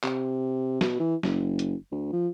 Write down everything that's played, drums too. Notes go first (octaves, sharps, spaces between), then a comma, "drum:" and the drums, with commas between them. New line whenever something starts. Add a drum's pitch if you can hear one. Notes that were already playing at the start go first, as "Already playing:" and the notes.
C3, drum: clap
B2, drum: snare
E3
F#1, drum: snare
drum: hi-hat
D2
F3